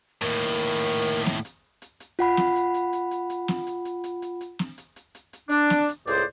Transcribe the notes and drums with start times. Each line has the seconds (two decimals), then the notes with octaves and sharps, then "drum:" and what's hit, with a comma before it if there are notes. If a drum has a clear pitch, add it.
0.22 D#2 A2 A#4
0.52 drum: hi-hat
0.71 drum: hi-hat
0.89 drum: hi-hat
1.08 drum: hi-hat
1.26 drum: snare
1.45 drum: hi-hat
1.82 drum: hi-hat
2.00 drum: hi-hat
2.19 F4 F#5 B5, drum: hi-hat
2.37 drum: snare
2.56 drum: hi-hat
2.74 drum: hi-hat
2.93 drum: hi-hat
3.11 drum: hi-hat
3.30 drum: hi-hat
3.48 drum: snare
3.67 drum: hi-hat
3.85 drum: hi-hat
4.04 drum: hi-hat
4.22 drum: hi-hat
4.41 drum: hi-hat
4.59 drum: snare
4.78 drum: hi-hat
4.96 drum: hi-hat
5.15 drum: hi-hat
5.33 drum: hi-hat
5.49 D4, drum: hi-hat
5.70 drum: snare
5.89 drum: hi-hat
6.07 C#2 A2 G#4 C5 D5, drum: hi-hat